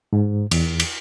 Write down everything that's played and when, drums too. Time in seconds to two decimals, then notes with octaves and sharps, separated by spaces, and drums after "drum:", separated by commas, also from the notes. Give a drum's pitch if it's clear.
0.13 G#2
0.51 E2, drum: cymbal
0.80 drum: cymbal